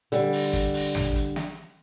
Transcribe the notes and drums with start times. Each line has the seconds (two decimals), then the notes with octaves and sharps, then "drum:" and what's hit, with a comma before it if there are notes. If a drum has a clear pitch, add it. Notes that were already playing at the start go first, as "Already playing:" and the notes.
0.12 D3 G3, drum: hi-hat
0.33 drum: open hi-hat
0.53 drum: kick, hi-hat
0.74 drum: open hi-hat
0.95 drum: tom
1.15 drum: hi-hat
1.36 drum: snare